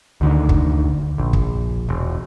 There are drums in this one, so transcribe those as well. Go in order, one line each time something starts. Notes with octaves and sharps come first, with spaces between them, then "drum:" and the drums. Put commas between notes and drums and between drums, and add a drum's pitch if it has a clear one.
D2 D3 D#3
drum: kick
A#1
drum: kick
E1